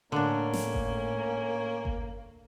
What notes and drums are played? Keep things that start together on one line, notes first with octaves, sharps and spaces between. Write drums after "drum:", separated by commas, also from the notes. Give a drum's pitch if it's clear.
A2 D3 A#3 C#4 D4
drum: snare
drum: kick G1
drum: kick G1